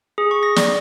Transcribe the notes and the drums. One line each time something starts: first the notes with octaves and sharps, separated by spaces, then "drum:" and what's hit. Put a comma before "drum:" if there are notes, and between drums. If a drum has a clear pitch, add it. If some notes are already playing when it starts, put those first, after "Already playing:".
G#4
C#6
A#6
D5, drum: snare